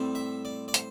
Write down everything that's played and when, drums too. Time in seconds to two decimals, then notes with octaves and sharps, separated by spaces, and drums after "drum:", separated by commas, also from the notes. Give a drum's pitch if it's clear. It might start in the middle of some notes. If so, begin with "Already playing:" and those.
Already playing: A2 G3 C4
0.15 E5
0.45 D5
0.68 D5
0.74 C5, drum: hi-hat